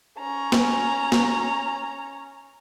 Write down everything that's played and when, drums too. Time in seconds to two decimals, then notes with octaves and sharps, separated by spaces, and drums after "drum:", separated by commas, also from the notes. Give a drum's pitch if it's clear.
0.19 C#4 A#5
0.52 drum: snare
1.12 drum: snare